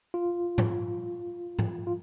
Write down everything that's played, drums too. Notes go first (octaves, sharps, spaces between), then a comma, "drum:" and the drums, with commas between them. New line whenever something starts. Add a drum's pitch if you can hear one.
F4
drum: tom G#2
drum: tom G#2
F4